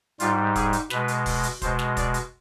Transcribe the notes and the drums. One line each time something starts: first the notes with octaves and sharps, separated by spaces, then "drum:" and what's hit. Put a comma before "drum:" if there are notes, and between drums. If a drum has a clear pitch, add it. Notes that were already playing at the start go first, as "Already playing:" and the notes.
G#2 G3 F4, drum: hi-hat
G#4, drum: kick, hi-hat
drum: hi-hat
B2 G#3 B4, drum: snare
drum: hi-hat
drum: kick, open hi-hat
drum: hi-hat
B2 G#3 C5, drum: kick, hi-hat
drum: snare
D5, drum: kick, hi-hat
drum: hi-hat